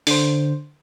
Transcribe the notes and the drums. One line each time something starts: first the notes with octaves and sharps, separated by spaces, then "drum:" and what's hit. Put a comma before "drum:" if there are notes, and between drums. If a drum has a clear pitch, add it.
D3 C5, drum: open hi-hat